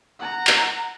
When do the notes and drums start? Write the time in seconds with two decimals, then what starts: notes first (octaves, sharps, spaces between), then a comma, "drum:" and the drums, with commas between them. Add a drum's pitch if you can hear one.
0.20 F#5 A#5
0.47 drum: clap